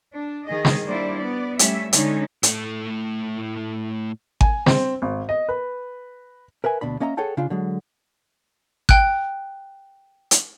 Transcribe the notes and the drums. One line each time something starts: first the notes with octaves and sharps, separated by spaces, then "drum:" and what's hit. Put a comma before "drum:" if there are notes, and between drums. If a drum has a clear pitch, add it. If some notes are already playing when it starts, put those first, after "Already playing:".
D4
D#3 G#4 D#5
drum: snare
G3 A#3 D4 E4 C5 D5
B3 D5
G3 A3 C#4 E5, drum: hi-hat
D3 G#3 C#4 D#4, drum: hi-hat
A2 A3, drum: hi-hat
G#5, drum: kick G#1
C4, drum: snare
G#1
D#5
B4
A#4 B4 E5 G#5
D2 B2 D4 B5
A#3 C#4 D#5 E5 A#5
G#4 A4 C#5 F#5 G5 A5
C#3 D4 F4
D3 F#3 G#3
G5 F#6, drum: kick G#1
drum: hi-hat